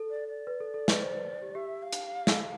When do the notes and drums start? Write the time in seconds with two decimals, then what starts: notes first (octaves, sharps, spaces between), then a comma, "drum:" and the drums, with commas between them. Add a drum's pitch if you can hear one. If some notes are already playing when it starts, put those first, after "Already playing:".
Already playing: A4
0.10 D5
0.28 D5
0.47 B4
0.61 A4
0.74 A4
0.88 B4, drum: snare
1.01 C5
1.15 B4
1.29 C5
1.42 G4
1.55 G4 E5
1.83 F5
1.93 drum: hi-hat
2.27 drum: snare